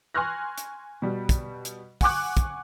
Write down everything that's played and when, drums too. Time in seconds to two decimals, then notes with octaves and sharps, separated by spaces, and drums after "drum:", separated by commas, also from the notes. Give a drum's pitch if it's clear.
0.14 G#5 C6 C#6 F6 F#6 A#6
0.58 drum: hi-hat
1.02 B2 G3
1.29 drum: kick, hi-hat
1.65 drum: hi-hat
2.01 F#5 G#5 C#6 D6 F#6, drum: kick, open hi-hat
2.37 drum: kick, hi-hat